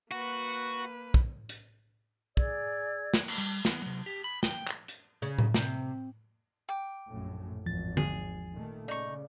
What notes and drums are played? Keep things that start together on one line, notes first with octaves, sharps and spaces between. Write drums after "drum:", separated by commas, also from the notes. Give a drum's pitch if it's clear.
A#3 F#4 B4
drum: kick
drum: hi-hat
G#4 D5 E6 G#6, drum: kick
drum: snare
drum: cymbal
G3
E3 B3, drum: snare
C3 F#3
G4
B5
G5, drum: snare
drum: clap
drum: hi-hat
C#3
drum: tom A2
C3, drum: snare
G5 D6
A#1 F#2 A2
G#1 E2 F3 A6
G#4, drum: tom D3
A#2 D#3 A3
C#3 D#4 D5 C#6